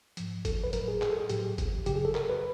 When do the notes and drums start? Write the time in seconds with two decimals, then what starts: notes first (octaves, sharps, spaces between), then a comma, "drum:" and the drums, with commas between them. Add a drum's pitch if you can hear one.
0.17 G#2 F3, drum: hi-hat
0.45 A4, drum: kick, hi-hat
0.64 B4
0.73 A2 F#3 A#4, drum: hi-hat
0.88 G#4
1.02 G#4, drum: clap
1.10 A4
1.20 G#4
1.29 A2 F#3 G4, drum: hi-hat
1.58 drum: kick, hi-hat
1.86 F#2 C#3 F#3 G4, drum: hi-hat
1.95 G#4
2.05 A4
2.15 A#4, drum: clap
2.30 B4